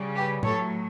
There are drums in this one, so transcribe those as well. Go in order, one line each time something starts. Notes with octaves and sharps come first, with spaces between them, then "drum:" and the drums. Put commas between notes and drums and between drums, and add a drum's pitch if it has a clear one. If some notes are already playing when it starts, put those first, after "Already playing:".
Already playing: C#3 G3
G4 B4
A2 F#3 A4 C#5, drum: tom A2